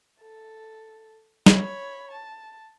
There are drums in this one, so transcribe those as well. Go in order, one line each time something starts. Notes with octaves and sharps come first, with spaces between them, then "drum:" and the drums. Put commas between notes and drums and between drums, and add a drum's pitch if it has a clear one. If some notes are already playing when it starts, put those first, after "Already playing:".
A4
C#5 B5, drum: snare
A5